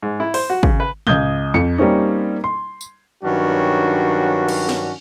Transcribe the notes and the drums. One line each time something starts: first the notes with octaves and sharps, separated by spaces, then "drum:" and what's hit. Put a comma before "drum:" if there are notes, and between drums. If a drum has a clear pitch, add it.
G#2
E4
C5, drum: open hi-hat
F#4
C#3, drum: kick
B4
C#2 D#6 G6 G#6 G7, drum: tom
F2 C#7
G3 A#3 C4 C#4 D#4
C6
drum: tambourine
G2 D#3 F#3 C#4 D4 F#4
drum: cymbal
drum: snare